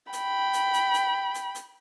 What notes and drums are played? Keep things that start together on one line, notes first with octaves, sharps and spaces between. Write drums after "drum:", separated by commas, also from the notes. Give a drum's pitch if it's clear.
G5 B5, drum: hi-hat
drum: hi-hat
drum: hi-hat
drum: hi-hat
drum: hi-hat
drum: hi-hat